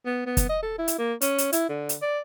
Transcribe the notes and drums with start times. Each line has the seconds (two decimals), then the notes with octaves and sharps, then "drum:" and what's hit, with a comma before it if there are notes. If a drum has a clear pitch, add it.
0.06 B3
0.26 B3
0.37 drum: kick, hi-hat
0.49 D#5
0.63 A4
0.78 E4
0.88 drum: hi-hat
0.98 A#3
1.21 C#4, drum: hi-hat
1.38 drum: hi-hat
1.53 E4, drum: hi-hat
1.69 D3
1.89 drum: hi-hat
2.02 D5